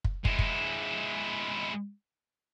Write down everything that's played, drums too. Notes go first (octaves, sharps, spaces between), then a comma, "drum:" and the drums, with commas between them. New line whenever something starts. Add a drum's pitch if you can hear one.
drum: kick
G#3 E4, drum: kick
drum: kick